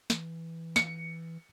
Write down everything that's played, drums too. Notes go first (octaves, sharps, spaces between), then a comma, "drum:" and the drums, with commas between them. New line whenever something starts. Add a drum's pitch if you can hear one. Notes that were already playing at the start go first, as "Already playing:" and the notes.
E3, drum: snare
C#7, drum: snare